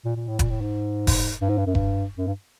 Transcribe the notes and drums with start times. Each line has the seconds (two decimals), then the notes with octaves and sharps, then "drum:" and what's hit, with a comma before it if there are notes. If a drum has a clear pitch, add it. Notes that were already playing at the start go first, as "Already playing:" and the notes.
0.05 A#2
0.16 A#2
0.27 A2
0.39 A#2, drum: kick F1, hi-hat
0.50 A2
0.61 G#2
1.07 drum: kick F1, open hi-hat
1.41 G2
1.49 G#2
1.58 G2
1.67 F#2
1.75 G2, drum: kick F1
2.18 F#2
2.27 G2